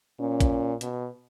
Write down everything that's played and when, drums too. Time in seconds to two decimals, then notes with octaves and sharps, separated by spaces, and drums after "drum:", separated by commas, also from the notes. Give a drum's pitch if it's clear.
0.20 A#2 C#4
0.40 drum: kick, hi-hat
0.81 B2, drum: hi-hat